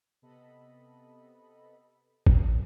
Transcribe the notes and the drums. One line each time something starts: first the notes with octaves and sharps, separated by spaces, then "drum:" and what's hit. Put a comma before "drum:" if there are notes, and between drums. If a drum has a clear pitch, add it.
C3 B3 A4 D#5 B5
drum: kick